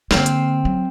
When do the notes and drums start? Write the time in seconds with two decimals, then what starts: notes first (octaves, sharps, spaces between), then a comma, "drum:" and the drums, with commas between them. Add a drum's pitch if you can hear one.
0.11 D3 A#3 C4 C5 F5, drum: snare
0.26 drum: hi-hat
0.65 F#3